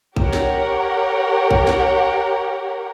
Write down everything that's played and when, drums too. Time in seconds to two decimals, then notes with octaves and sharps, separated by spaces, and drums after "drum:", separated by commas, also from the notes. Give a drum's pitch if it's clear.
0.16 G4 A#4 C#5 F#5, drum: kick A#1
0.33 drum: snare
1.51 drum: kick A#1
1.67 drum: snare